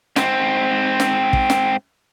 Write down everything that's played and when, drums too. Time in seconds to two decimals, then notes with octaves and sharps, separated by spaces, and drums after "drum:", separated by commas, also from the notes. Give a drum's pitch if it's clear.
0.16 G#2 C4, drum: snare
1.00 drum: snare
1.33 drum: kick
1.50 drum: snare